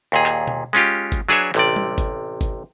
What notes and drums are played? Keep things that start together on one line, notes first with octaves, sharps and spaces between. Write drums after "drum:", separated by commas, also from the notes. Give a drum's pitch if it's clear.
D#2 A#2 G#4
drum: clap
drum: tom B2
G#3 C#4 F4 G4
drum: kick G1, hi-hat
F#3 D4 G#4 B4 C#5 E5
A1 C3 D5, drum: clap
drum: tom G3
drum: kick G1, hi-hat
drum: kick G1, hi-hat